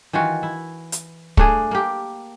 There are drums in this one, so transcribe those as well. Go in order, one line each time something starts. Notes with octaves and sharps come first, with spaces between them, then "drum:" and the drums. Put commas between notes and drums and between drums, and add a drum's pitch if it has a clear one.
D#3 E3 F4 F#4
E4
drum: hi-hat
A3 D4 G#4, drum: kick
A#3 G4